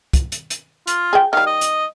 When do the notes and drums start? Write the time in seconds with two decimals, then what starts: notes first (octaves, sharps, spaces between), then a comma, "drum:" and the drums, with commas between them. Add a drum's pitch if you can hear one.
0.13 drum: kick, hi-hat
0.32 drum: hi-hat
0.50 drum: hi-hat
0.87 F4, drum: hi-hat
1.13 G#4 G5
1.33 D#3 G3 F5
1.46 D#5
1.61 drum: hi-hat